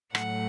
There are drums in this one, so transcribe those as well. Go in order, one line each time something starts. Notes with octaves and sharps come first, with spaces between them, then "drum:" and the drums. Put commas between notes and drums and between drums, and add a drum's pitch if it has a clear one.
A2 F#3 A3 F#5, drum: rim click